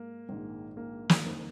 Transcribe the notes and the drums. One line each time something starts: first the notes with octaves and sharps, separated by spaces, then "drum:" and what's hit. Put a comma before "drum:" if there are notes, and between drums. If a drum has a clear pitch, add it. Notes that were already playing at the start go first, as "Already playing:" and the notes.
Already playing: G#2 A#3
A#1 G#2 D#3
A#3
drum: snare
F#1 F2 D#3